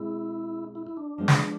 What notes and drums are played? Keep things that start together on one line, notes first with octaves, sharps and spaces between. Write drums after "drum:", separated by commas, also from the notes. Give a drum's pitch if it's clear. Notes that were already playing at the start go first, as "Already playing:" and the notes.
Already playing: B2 G#3 C4 E4 G#4
E4
E4
D4
F3 G#3 B3
drum: snare